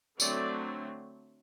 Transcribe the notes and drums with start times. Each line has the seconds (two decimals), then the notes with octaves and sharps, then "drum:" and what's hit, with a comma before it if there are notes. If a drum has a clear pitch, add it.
0.20 D3 F#3 A3 C4 D5, drum: tambourine